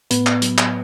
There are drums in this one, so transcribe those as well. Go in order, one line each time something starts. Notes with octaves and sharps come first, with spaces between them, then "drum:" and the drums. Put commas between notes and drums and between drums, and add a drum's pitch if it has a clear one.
A2 B3 B4, drum: hi-hat
drum: clap
F#3, drum: hi-hat
drum: clap